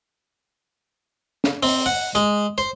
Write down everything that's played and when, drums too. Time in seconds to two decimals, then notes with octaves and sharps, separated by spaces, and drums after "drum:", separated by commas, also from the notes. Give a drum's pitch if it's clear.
1.44 drum: snare
1.63 C4, drum: open hi-hat
1.86 F#5
2.15 G#3, drum: hi-hat
2.58 C5